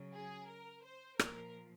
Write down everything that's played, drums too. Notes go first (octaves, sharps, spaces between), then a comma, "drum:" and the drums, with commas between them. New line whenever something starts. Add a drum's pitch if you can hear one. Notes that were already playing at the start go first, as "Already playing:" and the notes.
Already playing: C#3 F#3
G#4
A#4
C5
A#2 F3 A#4, drum: rim click